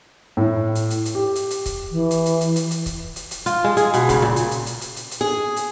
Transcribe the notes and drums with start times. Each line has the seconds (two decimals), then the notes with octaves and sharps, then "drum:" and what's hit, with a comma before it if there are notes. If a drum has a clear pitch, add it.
0.37 A2
0.75 drum: hi-hat
0.90 drum: hi-hat
1.05 drum: hi-hat
1.15 G4
1.36 drum: hi-hat
1.51 drum: hi-hat
1.66 drum: kick, hi-hat
1.92 E3
2.11 drum: hi-hat
2.26 drum: hi-hat
2.41 drum: hi-hat
2.56 drum: hi-hat
2.71 drum: hi-hat
2.86 drum: kick, hi-hat
3.16 drum: hi-hat
3.31 drum: hi-hat
3.46 F4, drum: hi-hat
3.64 G#3
3.77 G#4, drum: hi-hat
3.94 B2, drum: hi-hat
4.09 C#3, drum: kick, hi-hat
4.22 A#2
4.36 drum: hi-hat
4.51 drum: hi-hat
4.66 drum: hi-hat
4.81 drum: hi-hat
4.96 drum: hi-hat
5.11 drum: hi-hat
5.21 G#4
5.57 drum: hi-hat